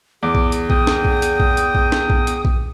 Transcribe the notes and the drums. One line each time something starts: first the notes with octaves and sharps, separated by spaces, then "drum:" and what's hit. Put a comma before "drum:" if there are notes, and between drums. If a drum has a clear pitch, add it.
E2 G#4 D6
drum: kick A#1
drum: hi-hat
G5 D#6, drum: kick A#1
drum: snare
drum: kick A#1
drum: hi-hat
drum: kick A#1
drum: hi-hat
drum: kick A#1
drum: snare
drum: kick A#1
drum: hi-hat
drum: kick A#1